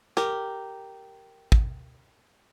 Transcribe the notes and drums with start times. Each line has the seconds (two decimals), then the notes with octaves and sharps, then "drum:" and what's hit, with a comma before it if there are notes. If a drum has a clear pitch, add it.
0.17 G4 A#4, drum: rim click
1.52 drum: kick